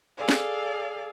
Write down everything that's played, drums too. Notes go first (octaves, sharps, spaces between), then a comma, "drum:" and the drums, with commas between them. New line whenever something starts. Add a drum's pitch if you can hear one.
G#4 A4 D5 F5
drum: snare